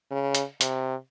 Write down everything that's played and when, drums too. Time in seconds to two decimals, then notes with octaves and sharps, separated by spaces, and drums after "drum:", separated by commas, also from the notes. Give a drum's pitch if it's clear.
0.11 C#3
0.35 drum: hi-hat
0.61 C3, drum: hi-hat